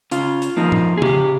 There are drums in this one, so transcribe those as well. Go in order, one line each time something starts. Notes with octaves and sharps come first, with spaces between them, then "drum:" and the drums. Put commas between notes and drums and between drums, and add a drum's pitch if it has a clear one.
C#3 F4, drum: hi-hat
drum: hi-hat
F3 A#3 D#4
drum: tom
G#4
C#3 G4, drum: tom